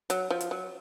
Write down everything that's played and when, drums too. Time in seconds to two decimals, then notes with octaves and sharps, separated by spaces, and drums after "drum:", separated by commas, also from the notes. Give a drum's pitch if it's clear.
0.10 F#3, drum: hi-hat
0.30 F3
0.41 drum: hi-hat
0.51 F#3